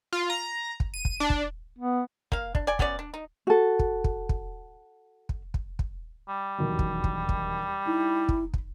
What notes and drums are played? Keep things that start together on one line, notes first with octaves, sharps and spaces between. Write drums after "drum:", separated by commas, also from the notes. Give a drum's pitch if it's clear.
F4
A#5
drum: kick
D#7
drum: kick
D4
drum: kick
B3
A#3 F5, drum: kick
D4, drum: kick
D5 G#5
F#3 B3 C#4 D5, drum: kick
D4
D#4
F#4 A4
drum: kick
drum: kick
drum: kick
drum: kick
drum: kick
drum: kick
G3
E1 D#2 F#3
drum: kick
drum: kick
drum: kick
D#4 E4
drum: kick
drum: kick